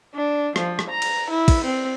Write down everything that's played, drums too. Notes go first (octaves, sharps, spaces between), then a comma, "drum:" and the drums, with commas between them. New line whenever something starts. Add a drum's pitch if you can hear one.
D4
F3, drum: rim click
drum: rim click
A#5
drum: cymbal
E4
drum: kick, cymbal
C4